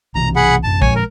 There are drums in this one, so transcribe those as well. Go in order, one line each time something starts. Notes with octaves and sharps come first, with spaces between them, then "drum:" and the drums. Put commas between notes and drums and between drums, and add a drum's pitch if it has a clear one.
B1 C3 E3 A#5
G#4 F#5 B5
A1 F#2 A5
A#2 F3 G#3 C#5 G#5, drum: kick
A#4